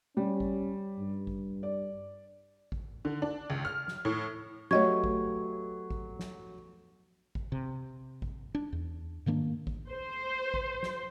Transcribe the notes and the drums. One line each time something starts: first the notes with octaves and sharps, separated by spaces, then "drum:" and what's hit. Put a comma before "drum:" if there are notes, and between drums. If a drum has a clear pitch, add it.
G3 C#4
drum: kick A1
G2
drum: kick A1
D5
drum: kick A1
D3
D4
C#2
F6
drum: snare
A2
F#3 A3 B3 G4 C#5 D#5 C#6 G#6
drum: kick A1
drum: kick A1
drum: snare
drum: kick A1
C3
drum: kick A1
D4
E2
G#2 D#3 A#3 D4
drum: kick A1
C5
drum: kick A1
drum: snare